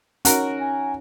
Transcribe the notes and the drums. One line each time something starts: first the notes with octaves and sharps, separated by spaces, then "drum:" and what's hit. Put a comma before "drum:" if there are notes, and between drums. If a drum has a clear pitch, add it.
C#4 D#4 F#4 A#4, drum: hi-hat
G#5